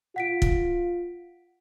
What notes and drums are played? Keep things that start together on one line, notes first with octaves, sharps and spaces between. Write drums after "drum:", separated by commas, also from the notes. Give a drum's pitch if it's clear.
F4 F#5 B6 D7
drum: kick